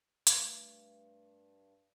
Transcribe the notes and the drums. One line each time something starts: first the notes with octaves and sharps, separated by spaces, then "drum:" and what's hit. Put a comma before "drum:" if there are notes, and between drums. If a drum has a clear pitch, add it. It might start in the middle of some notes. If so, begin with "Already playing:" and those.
G2 A3, drum: hi-hat